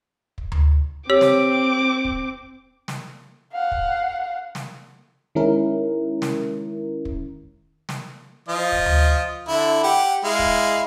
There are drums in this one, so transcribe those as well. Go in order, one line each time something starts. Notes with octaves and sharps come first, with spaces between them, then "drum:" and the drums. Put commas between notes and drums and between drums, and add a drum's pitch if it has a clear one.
drum: kick
drum: tom D2
C4 G4 C#5 D6
drum: snare
drum: kick
drum: snare
F5 F#5
drum: kick
drum: snare
D#3 G#3 C#4 E4 A#4
drum: snare
drum: kick
drum: snare
F3 F4 D#5
drum: kick
drum: tom D2
D3 E4
G4 F#5
G#3 E4 F5
drum: kick